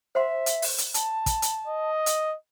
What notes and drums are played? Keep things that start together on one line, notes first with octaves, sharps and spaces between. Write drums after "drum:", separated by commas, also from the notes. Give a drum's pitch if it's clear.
C5 E5 F#5 C6
drum: hi-hat
drum: open hi-hat
drum: hi-hat
A5, drum: hi-hat
drum: kick, hi-hat
drum: hi-hat
D#5
drum: hi-hat